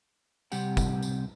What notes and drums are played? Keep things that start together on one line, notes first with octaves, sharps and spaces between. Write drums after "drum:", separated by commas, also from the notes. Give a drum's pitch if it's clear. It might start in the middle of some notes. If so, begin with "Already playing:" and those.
C3 G3 C4 G4 F#5, drum: tambourine
drum: kick, tambourine
drum: tambourine